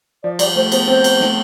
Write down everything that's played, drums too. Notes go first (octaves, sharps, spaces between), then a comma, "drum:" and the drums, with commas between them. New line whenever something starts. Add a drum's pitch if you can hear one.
F3 D5
G3 D5, drum: cymbal
A3 C5
B3 C5, drum: cymbal
C4 C5
drum: cymbal
A3, drum: snare